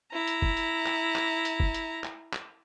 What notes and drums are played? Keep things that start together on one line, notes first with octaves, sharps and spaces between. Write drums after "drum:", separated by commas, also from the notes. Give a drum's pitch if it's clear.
E4 A#5
drum: hi-hat
drum: kick F#1
drum: hi-hat
drum: clap
drum: clap
drum: hi-hat
drum: kick F#1
drum: hi-hat
drum: clap
drum: clap